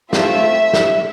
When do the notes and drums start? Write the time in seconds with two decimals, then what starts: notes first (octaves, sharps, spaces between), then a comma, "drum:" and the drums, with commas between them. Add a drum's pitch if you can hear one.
0.13 A3 C4 F4 E5, drum: snare
0.73 drum: snare